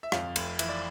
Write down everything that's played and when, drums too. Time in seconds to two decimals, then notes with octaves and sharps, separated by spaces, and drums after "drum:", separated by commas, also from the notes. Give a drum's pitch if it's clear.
0.03 E5
0.12 F2 F5, drum: rim click
0.36 F1, drum: cymbal
0.59 E3 E5, drum: cymbal
0.69 D5